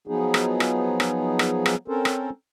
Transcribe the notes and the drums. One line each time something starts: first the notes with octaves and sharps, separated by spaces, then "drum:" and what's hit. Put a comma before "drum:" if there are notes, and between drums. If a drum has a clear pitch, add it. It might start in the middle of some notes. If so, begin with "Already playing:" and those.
F3 F#3 B3 D#4 G#4
drum: rim click
drum: rim click
drum: rim click
drum: rim click
drum: rim click
C4 C#4 A4 A#4 C5
drum: rim click